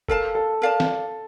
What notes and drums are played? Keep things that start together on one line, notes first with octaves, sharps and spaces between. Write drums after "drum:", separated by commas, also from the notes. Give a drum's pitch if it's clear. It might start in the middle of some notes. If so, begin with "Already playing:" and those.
A4 A#4 F5 A5, drum: kick
A4
A#4 D5 F5 A5
drum: snare